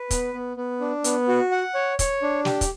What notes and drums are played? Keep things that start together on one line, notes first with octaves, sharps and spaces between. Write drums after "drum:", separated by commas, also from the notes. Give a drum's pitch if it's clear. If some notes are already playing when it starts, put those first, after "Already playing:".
Already playing: B4
B3, drum: kick, hi-hat
B3
B3
D4
B3, drum: hi-hat
F#4
F#5
C#5
C#5, drum: kick, hi-hat
D4
G4, drum: snare
drum: kick, hi-hat